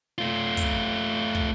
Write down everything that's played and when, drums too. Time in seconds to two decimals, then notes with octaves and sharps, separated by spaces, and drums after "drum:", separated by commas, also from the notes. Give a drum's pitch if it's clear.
0.18 A3 F4
0.57 drum: kick, hi-hat
1.35 drum: kick